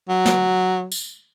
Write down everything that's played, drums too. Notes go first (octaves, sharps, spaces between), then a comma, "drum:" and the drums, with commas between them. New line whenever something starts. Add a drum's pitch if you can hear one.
F#3
drum: snare
drum: tambourine